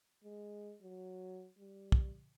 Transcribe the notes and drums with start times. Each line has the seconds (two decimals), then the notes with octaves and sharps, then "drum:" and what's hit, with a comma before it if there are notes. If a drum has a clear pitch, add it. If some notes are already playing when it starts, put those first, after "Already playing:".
0.23 G#3
0.82 F#3
1.58 G3
1.92 drum: kick